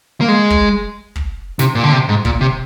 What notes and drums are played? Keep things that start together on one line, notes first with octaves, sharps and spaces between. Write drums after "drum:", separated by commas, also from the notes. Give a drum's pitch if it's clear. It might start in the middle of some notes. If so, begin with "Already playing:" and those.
A#3
G#3
drum: kick
drum: kick
C3, drum: snare
A#2
D3
C3
G#2
A#2, drum: kick
C3